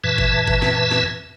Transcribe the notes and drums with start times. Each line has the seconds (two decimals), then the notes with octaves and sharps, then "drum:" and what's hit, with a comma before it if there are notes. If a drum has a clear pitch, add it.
0.04 F#2 A#2 E3 B4 E5 A5
0.18 drum: kick
0.47 drum: kick
0.62 drum: snare
0.91 drum: snare